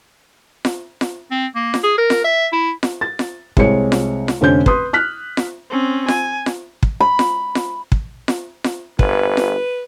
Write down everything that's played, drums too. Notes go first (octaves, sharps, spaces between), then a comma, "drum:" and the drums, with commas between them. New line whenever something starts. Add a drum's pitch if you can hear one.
drum: snare F4
drum: snare F4
C4
A#3
drum: snare F4
G#4
A#4
drum: snare F4
E5
E4
drum: snare F4
A6
drum: snare F4
C2 G#3 C4 C#5 C#7, drum: kick
drum: snare F4
drum: snare F4
F1 D3 C#4 C5 G6
B4 C6 D#6, drum: kick
F6 F#6 B6
drum: snare F4
C4 C#4
G#5, drum: snare F4
drum: snare F4
drum: kick
B5
drum: snare F4
drum: snare F4
drum: kick
drum: snare F4
drum: snare F4
G1 B4, drum: kick
drum: snare F4